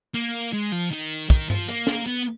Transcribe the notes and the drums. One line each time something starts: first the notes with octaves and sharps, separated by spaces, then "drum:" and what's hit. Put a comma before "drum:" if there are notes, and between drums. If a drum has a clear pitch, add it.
A#3
G#3
F3
D#3
D#3, drum: kick
F3, drum: tom G2
A#3, drum: hi-hat
drum: snare
B3